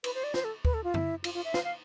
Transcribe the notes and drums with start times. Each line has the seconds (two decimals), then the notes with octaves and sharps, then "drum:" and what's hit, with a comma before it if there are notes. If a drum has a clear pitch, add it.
0.04 B4, drum: cymbal
0.15 C5
0.24 D5
0.34 C5, drum: snare
0.44 A4
0.65 B4, drum: kick D2
0.74 A4
0.84 F4
0.94 E4, drum: tom F#2
1.24 F4, drum: cymbal
1.34 F4
1.45 E5
1.54 F5, drum: snare
1.64 F5